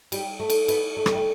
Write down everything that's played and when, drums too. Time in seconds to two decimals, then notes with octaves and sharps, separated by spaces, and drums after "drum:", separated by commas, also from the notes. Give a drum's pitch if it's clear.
0.12 G3, drum: cymbal
0.40 A3
0.50 drum: cymbal
0.68 B3, drum: cymbal
0.97 A3
1.06 G3, drum: rim click
1.15 A3